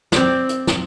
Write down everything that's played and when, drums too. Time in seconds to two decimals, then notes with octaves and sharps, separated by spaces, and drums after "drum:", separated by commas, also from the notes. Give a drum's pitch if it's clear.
0.12 C4 D5, drum: snare
0.49 drum: hi-hat
0.67 drum: snare